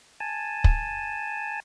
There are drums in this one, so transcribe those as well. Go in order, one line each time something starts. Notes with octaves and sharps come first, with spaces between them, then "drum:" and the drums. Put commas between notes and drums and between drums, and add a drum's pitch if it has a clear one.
G#5 A5
drum: kick